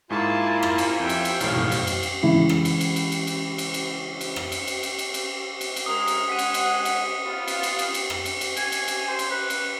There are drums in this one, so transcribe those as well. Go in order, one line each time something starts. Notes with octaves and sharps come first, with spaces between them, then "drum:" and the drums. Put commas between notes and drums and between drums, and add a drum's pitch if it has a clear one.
G#2 A#3 E4 F4 G#4 G#5 A5 C#6
drum: rim click
drum: cymbal
F2 E5 G5
drum: cymbal
drum: cymbal
B1 E2 A2 C#5 F5, drum: cymbal
drum: tom F#2
drum: cymbal
drum: cymbal
drum: cymbal
C#3 E3 G#3 E4
drum: rim click
drum: cymbal
drum: cymbal
drum: cymbal
drum: cymbal
drum: cymbal
drum: cymbal
drum: cymbal
drum: cymbal
drum: rim click
drum: cymbal
drum: cymbal
drum: cymbal
drum: cymbal
drum: cymbal
drum: cymbal
drum: cymbal
G#3 A#4 D#6
drum: cymbal
G#3 F#5 B6 D#7
drum: cymbal
drum: cymbal
drum: cymbal
B3 F4
drum: cymbal
drum: cymbal
drum: cymbal
drum: cymbal
drum: rim click
drum: cymbal
drum: cymbal
G#5, drum: cymbal
drum: cymbal
drum: cymbal
C5
drum: cymbal
B4
drum: cymbal